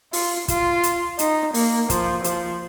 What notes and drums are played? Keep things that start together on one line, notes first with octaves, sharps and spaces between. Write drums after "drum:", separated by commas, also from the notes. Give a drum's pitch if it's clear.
F4, drum: open hi-hat
F4, drum: kick, hi-hat
drum: hi-hat
D#4, drum: hi-hat
A#3, drum: open hi-hat
F3, drum: kick, hi-hat
F3, drum: hi-hat